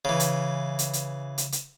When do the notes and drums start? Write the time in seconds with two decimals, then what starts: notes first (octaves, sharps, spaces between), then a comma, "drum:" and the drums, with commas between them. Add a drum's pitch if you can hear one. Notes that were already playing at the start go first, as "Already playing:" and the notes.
0.05 C#3 E3
0.20 drum: hi-hat
0.79 drum: hi-hat
0.93 drum: hi-hat
1.38 drum: hi-hat
1.52 drum: hi-hat